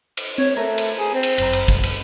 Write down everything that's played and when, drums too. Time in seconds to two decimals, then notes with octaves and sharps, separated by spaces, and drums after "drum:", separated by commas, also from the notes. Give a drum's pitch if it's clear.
0.17 drum: cymbal
0.38 C4 C#5
0.56 A3 A#4 A#5 G#6
0.78 drum: cymbal
0.97 G#4
1.14 C4
1.23 drum: cymbal
1.38 G1 F#2 A#5, drum: cymbal
1.53 drum: cymbal
1.68 drum: kick, cymbal
1.83 drum: cymbal